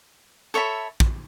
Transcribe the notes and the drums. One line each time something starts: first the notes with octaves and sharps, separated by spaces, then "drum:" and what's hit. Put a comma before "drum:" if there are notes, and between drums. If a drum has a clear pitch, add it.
A4 C#5 E5 B5
drum: kick